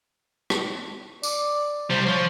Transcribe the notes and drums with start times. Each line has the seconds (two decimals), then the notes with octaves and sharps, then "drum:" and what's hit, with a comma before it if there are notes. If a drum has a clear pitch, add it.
0.50 drum: rim click
1.23 D5, drum: tambourine
1.91 C2 G3 C5
2.07 F3 C#5